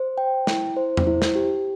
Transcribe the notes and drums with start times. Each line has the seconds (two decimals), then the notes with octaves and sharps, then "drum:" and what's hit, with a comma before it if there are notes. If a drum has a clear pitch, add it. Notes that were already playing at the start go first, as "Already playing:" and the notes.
Already playing: C5
0.18 G5
0.47 E4, drum: snare
0.77 C5
0.97 drum: tom E2
1.07 E4
1.22 drum: snare
1.35 G4